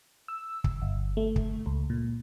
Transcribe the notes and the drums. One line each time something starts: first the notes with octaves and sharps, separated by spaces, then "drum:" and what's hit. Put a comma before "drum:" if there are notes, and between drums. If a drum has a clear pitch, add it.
E6
drum: kick
G1
A3
drum: kick
C#2
A#2